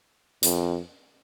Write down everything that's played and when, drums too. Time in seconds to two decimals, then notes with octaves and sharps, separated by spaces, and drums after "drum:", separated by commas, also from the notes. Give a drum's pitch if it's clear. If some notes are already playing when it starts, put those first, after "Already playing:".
0.43 F2, drum: hi-hat